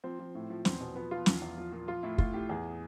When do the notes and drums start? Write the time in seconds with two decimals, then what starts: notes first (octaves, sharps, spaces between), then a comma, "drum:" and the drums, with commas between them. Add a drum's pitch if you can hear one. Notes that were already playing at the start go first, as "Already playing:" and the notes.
0.04 F3 C4
0.19 F3
0.35 A2
0.50 F3
0.65 E2 C4, drum: snare
0.80 B2
0.96 F3 B3
1.11 F3 F4
1.26 E2, drum: snare
1.42 E2
1.58 F3
1.72 A#2
1.88 F3 F4
2.03 A2 E4
2.18 A2 F4, drum: kick
2.34 A2 G4
2.49 E2 G#4